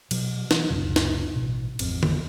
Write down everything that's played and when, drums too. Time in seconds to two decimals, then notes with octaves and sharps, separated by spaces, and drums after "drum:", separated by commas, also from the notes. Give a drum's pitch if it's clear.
0.11 B2 F#3, drum: cymbal
0.51 E3, drum: snare
0.70 F#1 C#2 F#2 C3
0.96 drum: snare
1.36 A1 B2
1.79 D1 A1 F2 C4, drum: cymbal
2.03 drum: tom D3